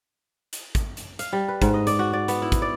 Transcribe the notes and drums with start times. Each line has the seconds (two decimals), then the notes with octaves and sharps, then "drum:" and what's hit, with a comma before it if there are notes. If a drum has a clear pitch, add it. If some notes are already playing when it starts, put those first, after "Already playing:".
0.53 drum: hi-hat
0.75 drum: kick, hi-hat
0.97 drum: hi-hat
1.19 F5, drum: hi-hat
1.33 G3
1.48 B4
1.62 G#2, drum: kick, hi-hat
1.74 D#5
1.87 D5, drum: hi-hat
1.99 F#4
2.13 D5
2.28 B3, drum: hi-hat
2.42 E4
2.52 drum: kick, hi-hat
2.62 D5